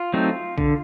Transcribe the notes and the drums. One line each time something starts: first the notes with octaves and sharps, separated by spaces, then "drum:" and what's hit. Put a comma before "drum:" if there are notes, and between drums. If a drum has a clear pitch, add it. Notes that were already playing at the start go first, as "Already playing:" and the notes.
Already playing: F4
F#3 A3 C4 D#4
D3, drum: kick A#1